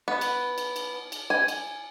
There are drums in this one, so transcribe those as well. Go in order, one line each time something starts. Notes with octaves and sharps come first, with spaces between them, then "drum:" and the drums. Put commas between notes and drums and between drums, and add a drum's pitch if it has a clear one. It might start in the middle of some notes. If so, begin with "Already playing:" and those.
B3
drum: cymbal
drum: cymbal
drum: cymbal
drum: cymbal
G#5
drum: cymbal